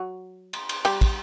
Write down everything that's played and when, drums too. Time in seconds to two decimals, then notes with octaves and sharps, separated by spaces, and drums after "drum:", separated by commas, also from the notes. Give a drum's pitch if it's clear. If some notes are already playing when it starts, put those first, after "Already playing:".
Already playing: F#3 F#4
0.53 drum: cymbal
0.69 drum: cymbal
0.85 G3 G4, drum: cymbal
1.01 drum: kick, cymbal